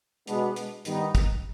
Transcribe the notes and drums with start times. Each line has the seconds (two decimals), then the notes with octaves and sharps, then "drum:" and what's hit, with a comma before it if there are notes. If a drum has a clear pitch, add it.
0.27 B2 G#3 B3 D4, drum: hi-hat
0.56 drum: hi-hat
0.85 G2 D#3 B3 D#4, drum: hi-hat
1.15 drum: kick, hi-hat